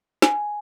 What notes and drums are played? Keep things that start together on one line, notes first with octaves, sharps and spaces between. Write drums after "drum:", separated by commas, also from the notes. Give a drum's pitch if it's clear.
G#5, drum: snare